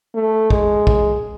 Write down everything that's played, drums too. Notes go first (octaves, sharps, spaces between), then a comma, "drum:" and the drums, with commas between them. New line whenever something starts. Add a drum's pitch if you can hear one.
A3
G#3, drum: kick
drum: kick